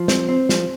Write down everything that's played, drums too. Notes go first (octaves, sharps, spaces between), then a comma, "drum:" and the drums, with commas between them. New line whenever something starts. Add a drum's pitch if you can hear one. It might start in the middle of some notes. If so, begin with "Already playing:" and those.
Already playing: F3
C4, drum: snare
C4
F3, drum: snare